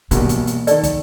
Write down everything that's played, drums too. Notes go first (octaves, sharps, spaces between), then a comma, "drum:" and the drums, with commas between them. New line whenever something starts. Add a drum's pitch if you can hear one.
B1 B2 E3 G3 A#3, drum: hi-hat
drum: kick, hi-hat
drum: hi-hat
D#3 A4 D5, drum: hi-hat
drum: kick, hi-hat